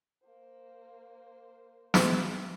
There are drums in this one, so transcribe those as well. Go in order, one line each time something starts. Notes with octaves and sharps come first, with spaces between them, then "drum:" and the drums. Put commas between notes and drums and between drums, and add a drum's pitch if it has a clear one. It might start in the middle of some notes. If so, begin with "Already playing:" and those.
A#3 C5
drum: snare